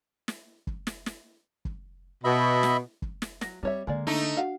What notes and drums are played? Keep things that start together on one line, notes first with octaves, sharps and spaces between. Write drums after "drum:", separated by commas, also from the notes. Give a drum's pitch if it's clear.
drum: snare
drum: kick
drum: snare
drum: snare
drum: kick
B2 D#5 E5 B5
drum: snare
drum: kick
drum: snare
F#3 A#6, drum: snare
G3 C4 C#5 E5
D3 G#3 A#3 D5
A3 D4 D#4
F#4 F5 F#5